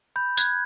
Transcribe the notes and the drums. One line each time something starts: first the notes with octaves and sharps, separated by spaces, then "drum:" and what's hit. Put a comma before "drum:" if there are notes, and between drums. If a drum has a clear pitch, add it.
B5 G6
F#6 G#6, drum: tambourine